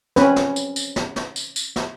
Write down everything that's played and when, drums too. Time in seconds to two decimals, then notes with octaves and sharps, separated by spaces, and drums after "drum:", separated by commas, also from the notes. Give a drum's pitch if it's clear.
0.16 C4 C#4 B4, drum: snare
0.36 drum: snare
0.56 drum: tambourine
0.76 drum: tambourine
0.96 drum: snare
1.16 drum: snare
1.36 drum: tambourine
1.56 drum: tambourine
1.76 drum: snare